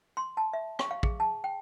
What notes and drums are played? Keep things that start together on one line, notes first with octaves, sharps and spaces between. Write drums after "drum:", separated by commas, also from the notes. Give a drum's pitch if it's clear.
C6
A5
E5
C#6, drum: rim click
F5
G#4, drum: kick
A5
G5